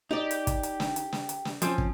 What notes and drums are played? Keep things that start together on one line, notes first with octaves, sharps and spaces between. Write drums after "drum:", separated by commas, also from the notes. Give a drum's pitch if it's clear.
D#4 G4 D5
drum: hi-hat
drum: kick, hi-hat
drum: hi-hat
drum: snare
drum: hi-hat
drum: snare
drum: hi-hat
drum: snare
F3 C4 C#4, drum: hi-hat
drum: kick